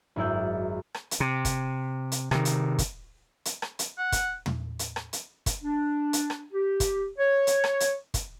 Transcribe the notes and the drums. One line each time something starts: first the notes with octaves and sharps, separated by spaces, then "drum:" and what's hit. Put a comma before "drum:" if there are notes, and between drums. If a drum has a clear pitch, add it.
G#1 F#2 E4 D5 E6 G6
drum: rim click
drum: hi-hat
C3
drum: kick, hi-hat
drum: hi-hat
C3 D#3, drum: rim click
drum: hi-hat
drum: kick, hi-hat
drum: hi-hat
drum: rim click
drum: hi-hat
F#5
drum: kick, hi-hat
drum: tom
drum: hi-hat
drum: rim click
drum: hi-hat
drum: kick, hi-hat
D4
drum: hi-hat
drum: rim click
G4
drum: kick, hi-hat
C#5
drum: hi-hat
drum: rim click
drum: hi-hat
drum: kick, hi-hat